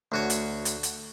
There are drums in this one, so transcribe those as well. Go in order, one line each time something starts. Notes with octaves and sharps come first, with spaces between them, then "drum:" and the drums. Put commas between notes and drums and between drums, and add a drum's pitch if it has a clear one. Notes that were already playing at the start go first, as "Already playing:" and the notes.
D2 F#4 C#5
drum: hi-hat
drum: hi-hat
drum: hi-hat